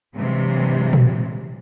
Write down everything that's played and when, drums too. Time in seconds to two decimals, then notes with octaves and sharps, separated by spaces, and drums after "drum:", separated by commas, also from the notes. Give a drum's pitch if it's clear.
0.14 G2 C3 E3 F#3 G#3
0.93 drum: tom A#2